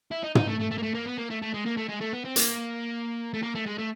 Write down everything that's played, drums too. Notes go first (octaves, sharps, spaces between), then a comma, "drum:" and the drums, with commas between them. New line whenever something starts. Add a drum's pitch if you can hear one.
E4
D#4
D#4, drum: tom
A3
A3
A3
A#3
A3
A#3
B3
A#3
A3
A3
G#3
A#3
A3
G#3
A3
B3
C4
A#3, drum: hi-hat
A3
A#3
A3
G#3
A3